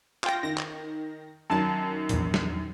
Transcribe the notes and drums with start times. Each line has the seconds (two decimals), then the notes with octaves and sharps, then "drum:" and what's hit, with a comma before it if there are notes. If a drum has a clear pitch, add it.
0.24 F4 G5 A#6, drum: clap
0.43 D#3 A#6
0.57 drum: clap
1.50 F#2 D#3 F#3 A5
2.09 A#1 E2, drum: hi-hat
2.34 drum: snare